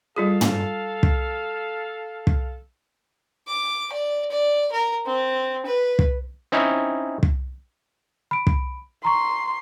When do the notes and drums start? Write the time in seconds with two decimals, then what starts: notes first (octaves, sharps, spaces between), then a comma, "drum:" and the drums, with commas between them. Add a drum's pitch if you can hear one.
0.16 G3 F4 G#4 A4 F5
0.41 drum: tom
1.03 drum: kick
2.27 drum: kick
3.48 D6
3.92 D5
4.30 D5
4.72 A#4
5.06 C4
5.65 B4
5.99 drum: kick
6.52 C4 C#4 D#4 E4
7.23 drum: kick
8.31 B5 D7
8.47 drum: kick
9.05 A#5 C6 C#6